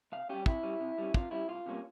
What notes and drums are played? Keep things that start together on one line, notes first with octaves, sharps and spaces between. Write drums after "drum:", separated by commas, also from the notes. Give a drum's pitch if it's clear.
C3 F5
G3 C#4 G4
C3 E4, drum: kick
G3 C#4
C3
G3 C#4
C3 F4, drum: kick
G3 C#4 E4
C2 F4
C3 G3 A#3 C#4